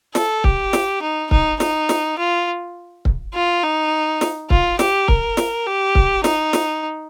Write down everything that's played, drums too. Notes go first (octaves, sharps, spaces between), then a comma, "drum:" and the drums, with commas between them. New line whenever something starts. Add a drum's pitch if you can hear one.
A4, drum: snare
G4, drum: kick C#1
drum: snare
D#4
D#4, drum: kick C#1
D#4, drum: snare
drum: snare
F4
drum: kick C#1
F4
D#4
drum: snare
F4, drum: kick C#1
G4, drum: snare
A#4, drum: kick C#1
drum: snare
G4
drum: kick C#1
D#4, drum: snare
drum: snare